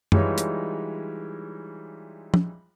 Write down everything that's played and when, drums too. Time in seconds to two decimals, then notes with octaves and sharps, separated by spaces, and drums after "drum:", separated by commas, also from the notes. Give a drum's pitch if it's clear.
0.12 E3 G3 G#3 D#4 F4 C#5, drum: tom F#2
0.38 drum: hi-hat
2.34 drum: tom